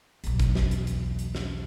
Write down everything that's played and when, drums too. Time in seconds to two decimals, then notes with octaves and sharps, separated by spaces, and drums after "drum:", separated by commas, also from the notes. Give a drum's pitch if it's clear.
0.24 B1 E2, drum: hi-hat
0.40 drum: kick G#1, hi-hat
0.55 drum: snare
0.71 drum: hi-hat
0.87 drum: hi-hat
1.19 drum: hi-hat
1.35 drum: snare